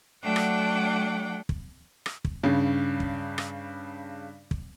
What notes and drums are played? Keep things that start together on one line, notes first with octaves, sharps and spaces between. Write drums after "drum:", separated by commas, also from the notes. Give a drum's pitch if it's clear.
F#3 A3 D4 F#5 G5 D6
drum: rim click
drum: kick
drum: rim click
drum: kick
G2 C#3
drum: kick
drum: rim click
drum: kick